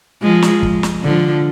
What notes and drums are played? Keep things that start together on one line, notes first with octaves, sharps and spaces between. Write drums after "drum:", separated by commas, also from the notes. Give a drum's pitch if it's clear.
F3 G#3
drum: snare
drum: kick
drum: snare
D3 F3